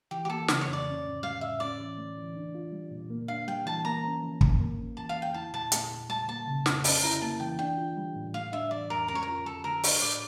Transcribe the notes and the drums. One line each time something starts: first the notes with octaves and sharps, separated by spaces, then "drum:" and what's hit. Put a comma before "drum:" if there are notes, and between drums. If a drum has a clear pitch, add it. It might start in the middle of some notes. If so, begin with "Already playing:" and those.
E3 G4
G4
A#3 A4
C#3, drum: snare
C#5
F2
D5
C#4
A2
G3 F5
A2 E5
C#4 D5
E3
A3
E3
D4
F4
G3
A#2
A#3
D4 F5
G3 G5
E3 A5
A#3 A#5
C#4
F3
A2, drum: kick
A#3
C#4
E3 A5
F5
E2
G5
E4 A5
A#2 A5
A3, drum: hi-hat
A#2
G3 A5
A#3 A5
C#3
F2, drum: snare
C#4 A5, drum: open hi-hat
E4 A#5
A#3 A5
E3 G5
D4 G5
F4
G3
A2
A3 F5
D4 E5
E3 D5
F2 A#4
C#4 A#4
C#5
A#4
F4
F3 A4
D3 A#4
D4 C#5, drum: open hi-hat
A2 D5